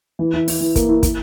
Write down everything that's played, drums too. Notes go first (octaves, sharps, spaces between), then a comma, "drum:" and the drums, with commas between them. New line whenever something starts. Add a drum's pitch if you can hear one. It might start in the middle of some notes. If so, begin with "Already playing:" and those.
E3
E4
E4, drum: open hi-hat
E3
A#3, drum: kick, hi-hat
E4
E4, drum: kick, hi-hat